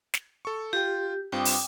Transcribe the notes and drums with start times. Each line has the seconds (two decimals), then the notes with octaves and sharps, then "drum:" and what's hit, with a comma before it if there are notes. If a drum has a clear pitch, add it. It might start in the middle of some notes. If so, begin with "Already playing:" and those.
0.14 drum: snare
0.45 A4 C#6
0.73 F4 G4 G5
1.32 G2 C4 F4 G5 D6 D#6
1.45 drum: open hi-hat